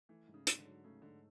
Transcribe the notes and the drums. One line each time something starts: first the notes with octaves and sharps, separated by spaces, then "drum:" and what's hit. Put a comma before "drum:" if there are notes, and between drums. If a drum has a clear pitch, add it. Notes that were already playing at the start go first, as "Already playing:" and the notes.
E3 A3
G#2
C#3
G#2, drum: hi-hat
D3
F#3
C#3 A3
G#2 D3